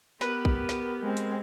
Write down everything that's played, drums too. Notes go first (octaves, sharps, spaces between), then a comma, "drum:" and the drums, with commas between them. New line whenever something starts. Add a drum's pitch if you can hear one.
B3 G4 A#4 B4, drum: snare
drum: kick
drum: snare
G#3 C4
drum: hi-hat